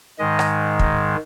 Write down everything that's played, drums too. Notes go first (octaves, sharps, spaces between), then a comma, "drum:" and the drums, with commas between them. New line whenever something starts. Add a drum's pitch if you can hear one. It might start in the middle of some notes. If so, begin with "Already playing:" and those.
G#2 D#3 G#3 D#5
drum: rim click
drum: kick